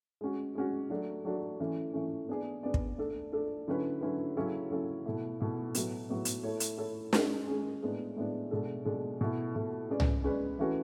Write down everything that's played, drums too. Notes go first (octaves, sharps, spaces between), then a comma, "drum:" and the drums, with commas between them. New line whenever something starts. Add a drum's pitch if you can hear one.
G#3 C#4 F#4
G#3 C#4 F#4
F#3 A3 D4 F#4
F#3 A3 D4 F#4
E3 A3 C#4
E3 A3 C#4
B3 D4 G#4 D5
B3 D4 G#4 D5
drum: kick
A3 D4 A4 D5
A3 D4 A4 D5
D3 F#3 C#4 E4 B4
D3 F#3 C#4 E4 B4
C#3 F#3 C#4 E4 A4
C#3 F#3 C#4 E4 A4
B2 A3 E4
B2 A3 E4
A2 F#3 B3 F#4, drum: hi-hat
A2 F#3 B3 F#4
drum: hi-hat
A3 E4 A4 C#5
drum: hi-hat
A3 E4 A4 C#5
G#3 C#4 G#4, drum: snare
G#3 C#4 G#4
A2 G#3 B3 D4
A2 G#3 B3 D4
B2 G#3 D4 A4
B2 G#3 D4 A4
B2 A3 E4
B2 A3 E4
G#3 C#4 G#4 B4 D5
drum: tom C2
G#3 C#4 G#4 B4 D5
E3 A3 C#4 F#4 B4